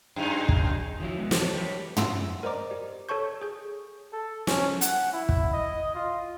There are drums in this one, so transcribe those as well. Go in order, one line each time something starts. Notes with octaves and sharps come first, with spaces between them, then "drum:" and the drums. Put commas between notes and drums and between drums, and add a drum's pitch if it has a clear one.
F#2 G#3 D#4
drum: kick
D#3 F3 F#3 E4
G#3 B3
E3 F#3 A4 C#5, drum: snare
G4 B4 C#5
E5 F#5 C6 E6, drum: tom
A#4 C5 D5 D#5 A#5 D6
G4
A4 C#5 A5 C#6 G6
G#4 G6
A4
C#4, drum: snare
F#5, drum: hi-hat
E4
drum: kick
D#5
F4